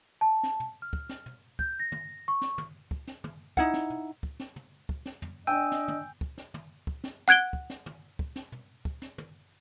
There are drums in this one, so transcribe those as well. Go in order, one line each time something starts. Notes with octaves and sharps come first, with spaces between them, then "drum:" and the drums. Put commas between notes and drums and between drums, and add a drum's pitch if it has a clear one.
A5
drum: snare
drum: tom
F6
drum: kick
drum: snare
drum: tom
G6, drum: kick
A#6
drum: tom
C#6
drum: snare
drum: tom
drum: kick
drum: snare
drum: tom
D#4 E4 F#5, drum: kick
drum: snare
drum: tom
drum: kick
drum: snare
drum: tom
drum: kick
drum: snare
drum: tom
D4 D#5 G5 G#5 E6
drum: snare
drum: tom
drum: kick
drum: snare
drum: tom
drum: kick
drum: snare
F#5 F#6 G#6 D7 G7
drum: kick
drum: snare
drum: tom
drum: kick
drum: snare
drum: tom
drum: kick
drum: snare
drum: tom